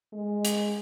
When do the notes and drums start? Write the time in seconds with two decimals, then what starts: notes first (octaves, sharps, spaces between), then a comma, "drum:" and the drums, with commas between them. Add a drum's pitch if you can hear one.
0.13 G#3
0.45 drum: hi-hat